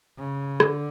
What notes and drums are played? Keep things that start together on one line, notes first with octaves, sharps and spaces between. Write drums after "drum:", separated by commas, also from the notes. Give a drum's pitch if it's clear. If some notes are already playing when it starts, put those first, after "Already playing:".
C#3
D3, drum: rim click